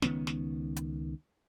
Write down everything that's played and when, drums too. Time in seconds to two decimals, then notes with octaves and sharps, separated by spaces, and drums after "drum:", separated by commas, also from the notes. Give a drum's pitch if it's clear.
0.02 C#2 D#3 B3 C#4, drum: snare
0.27 drum: snare
0.76 drum: hi-hat